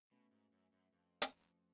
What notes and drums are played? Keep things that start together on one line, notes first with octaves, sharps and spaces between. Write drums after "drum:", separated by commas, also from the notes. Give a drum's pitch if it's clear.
B2 A3 C#4 F#4 B4
G#2
F#2
F#2
F2
drum: hi-hat